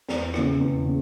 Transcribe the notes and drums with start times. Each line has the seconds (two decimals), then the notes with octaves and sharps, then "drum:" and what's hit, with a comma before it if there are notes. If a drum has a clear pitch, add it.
0.08 E2, drum: snare
0.34 C#3 E3 B3 E4, drum: rim click
0.60 E2
0.86 C#3